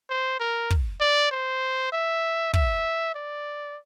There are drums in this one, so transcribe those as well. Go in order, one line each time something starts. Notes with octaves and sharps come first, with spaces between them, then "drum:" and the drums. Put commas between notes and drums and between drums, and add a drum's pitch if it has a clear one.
C5
A#4
drum: kick
D5
C5
E5
E5, drum: kick
D5